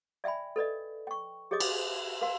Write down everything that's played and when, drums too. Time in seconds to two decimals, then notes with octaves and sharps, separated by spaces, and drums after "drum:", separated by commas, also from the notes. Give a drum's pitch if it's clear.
0.24 D5 E5 G5 G#5 B5
0.56 A4 B4 D5 D#5
1.07 G5 C#6
1.51 G4 G#4 C#5 D#5 D6 D#6
1.60 drum: cymbal
2.21 A#4 B4 F5 C6